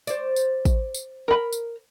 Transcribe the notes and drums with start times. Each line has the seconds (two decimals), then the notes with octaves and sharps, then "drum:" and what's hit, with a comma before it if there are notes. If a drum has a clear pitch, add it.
0.07 C5 D5, drum: tambourine
0.36 drum: tambourine
0.65 drum: kick, tambourine
0.94 drum: tambourine
1.28 A#4 B5
1.53 drum: tambourine